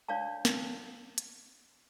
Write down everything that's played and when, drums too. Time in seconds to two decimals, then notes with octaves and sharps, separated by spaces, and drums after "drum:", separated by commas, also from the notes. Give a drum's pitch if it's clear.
0.09 D4 C#5 D5 F5 A5
0.45 drum: snare
1.18 drum: hi-hat